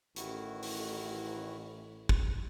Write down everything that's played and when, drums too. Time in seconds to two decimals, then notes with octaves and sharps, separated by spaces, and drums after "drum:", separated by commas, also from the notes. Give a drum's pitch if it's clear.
0.16 A1 D#3 E4 F#4, drum: hi-hat
0.63 drum: open hi-hat
2.09 drum: kick